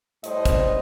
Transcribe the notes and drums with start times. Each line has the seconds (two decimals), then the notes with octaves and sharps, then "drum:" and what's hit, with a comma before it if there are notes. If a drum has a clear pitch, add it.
0.24 A2 G3 C5 D#5, drum: hi-hat
0.45 drum: kick, hi-hat